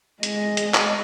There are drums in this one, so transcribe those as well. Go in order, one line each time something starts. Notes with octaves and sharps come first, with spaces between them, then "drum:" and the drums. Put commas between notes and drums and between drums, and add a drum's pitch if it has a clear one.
G#3 D#5, drum: hi-hat
drum: hi-hat
drum: clap